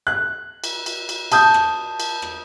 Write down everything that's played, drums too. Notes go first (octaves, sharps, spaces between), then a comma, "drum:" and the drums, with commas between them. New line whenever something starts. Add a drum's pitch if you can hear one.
F#6
drum: cymbal
drum: cymbal
drum: cymbal
A5 D#6 G6, drum: cymbal
drum: rim click
drum: cymbal
drum: rim click